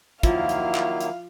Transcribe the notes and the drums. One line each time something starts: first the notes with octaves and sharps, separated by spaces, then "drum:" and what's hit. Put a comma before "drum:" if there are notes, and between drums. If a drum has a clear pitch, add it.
D#3 F3 F#3 A#3 E4 F5, drum: kick, hi-hat
drum: hi-hat
drum: clap
drum: hi-hat